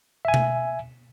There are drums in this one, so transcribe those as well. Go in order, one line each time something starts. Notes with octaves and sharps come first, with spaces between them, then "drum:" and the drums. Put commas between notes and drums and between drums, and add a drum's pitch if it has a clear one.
E5 G#5
drum: tom B2